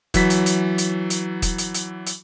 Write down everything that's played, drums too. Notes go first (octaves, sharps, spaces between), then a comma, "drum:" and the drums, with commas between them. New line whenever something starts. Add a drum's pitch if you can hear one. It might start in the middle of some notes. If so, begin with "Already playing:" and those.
E3 F#3 B6, drum: kick, hi-hat
drum: hi-hat
drum: hi-hat
drum: hi-hat
drum: hi-hat
drum: kick, hi-hat
drum: hi-hat
drum: hi-hat
drum: hi-hat